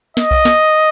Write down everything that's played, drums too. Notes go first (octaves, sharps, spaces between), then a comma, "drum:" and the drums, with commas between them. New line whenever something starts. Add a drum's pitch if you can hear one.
D#5, drum: snare
drum: kick B1
drum: snare